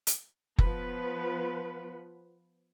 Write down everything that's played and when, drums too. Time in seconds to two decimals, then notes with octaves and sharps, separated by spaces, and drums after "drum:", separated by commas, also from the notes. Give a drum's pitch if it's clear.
0.07 drum: hi-hat
0.58 F3 B3 B4, drum: kick F#1